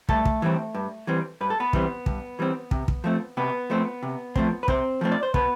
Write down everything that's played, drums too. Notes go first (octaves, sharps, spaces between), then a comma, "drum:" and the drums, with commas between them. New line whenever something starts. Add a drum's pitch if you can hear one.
G2 A3 A4, drum: kick
drum: kick
E3 G3 C4
G2
E3 G3 C4
G2 B4
A4
B3 B4
E3 G3 C4, drum: kick
G2, drum: kick
E3 G3 C4
C3, drum: kick
drum: kick
F3 A3 C4
C3 B3 B4
F3 A3 C4
C3
F3 A3 C4, drum: kick
B4
C3 C4 C5, drum: kick
F3 A3 C4
D5
C5
B2 B3 B4, drum: kick